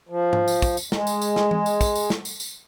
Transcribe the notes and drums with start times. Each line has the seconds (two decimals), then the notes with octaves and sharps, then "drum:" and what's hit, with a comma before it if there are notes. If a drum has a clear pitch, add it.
0.09 F3
0.33 drum: tom G#2
0.48 drum: tambourine
0.62 drum: kick, tambourine
0.77 drum: tambourine
0.92 G#3, drum: snare
1.07 drum: tambourine
1.22 drum: tambourine
1.36 drum: snare
1.51 drum: tom E3
1.66 drum: tambourine
1.81 drum: kick, tambourine
1.95 drum: tambourine
2.10 drum: snare
2.25 drum: tambourine
2.40 drum: tambourine